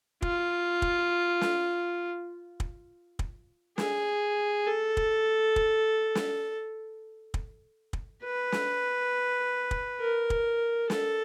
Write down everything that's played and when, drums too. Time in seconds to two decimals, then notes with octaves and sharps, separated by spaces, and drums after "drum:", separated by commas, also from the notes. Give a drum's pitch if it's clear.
0.22 F4, drum: kick
0.82 drum: kick
1.41 drum: snare
2.60 drum: kick
3.19 drum: kick
3.78 G#4, drum: snare
4.67 A4
4.97 drum: kick
5.56 drum: kick
6.15 drum: snare
7.34 drum: kick
7.93 drum: kick
8.23 B4
8.52 drum: snare
9.71 drum: kick
10.01 A#4
10.30 drum: kick
10.90 A4, drum: snare